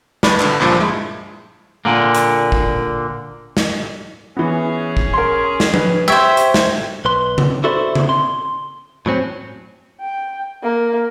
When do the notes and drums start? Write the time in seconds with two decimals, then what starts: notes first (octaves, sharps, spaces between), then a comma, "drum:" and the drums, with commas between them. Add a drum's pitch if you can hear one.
0.23 G2 B4 D5, drum: snare
0.40 G2 D3, drum: clap
0.60 C#2 G2 A#2 F3
0.80 G#3 E4
1.85 A#2 D3 A#3
2.15 drum: hi-hat
2.52 drum: kick
3.57 drum: snare
4.37 E3 B3 C#4 G#4
4.97 drum: kick
5.13 A#4 C6
5.60 drum: snare
5.74 B4, drum: tom F3
6.08 G4 C5 E5 C#6 G#6
6.37 drum: hi-hat
6.54 drum: snare
7.05 B1 B4 C6
7.38 drum: tom C#3
7.64 E4 F#4 A4 C5 D5 E5
7.95 drum: tom C#3
8.09 C6
9.06 A2 F#3 C4 C#4
10.01 G5
10.63 A#3